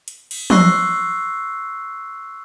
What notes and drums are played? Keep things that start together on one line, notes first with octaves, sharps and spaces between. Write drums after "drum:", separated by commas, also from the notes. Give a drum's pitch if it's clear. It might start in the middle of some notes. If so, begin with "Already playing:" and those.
drum: hi-hat
drum: cymbal
C6 C#6 E6 F#6 A#6 C7, drum: tom